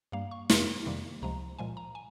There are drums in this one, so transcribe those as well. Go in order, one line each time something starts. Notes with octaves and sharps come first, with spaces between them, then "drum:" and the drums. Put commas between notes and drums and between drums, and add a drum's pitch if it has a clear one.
G2 G3 A#3 F5
C#6
F2 C3 G3 A#3 C6, drum: snare
F2 C3 D#3 G3 A#3
C#2 C3 F3 G#3 A#5
A#2 F3 G#3 G#5
A#5
G#5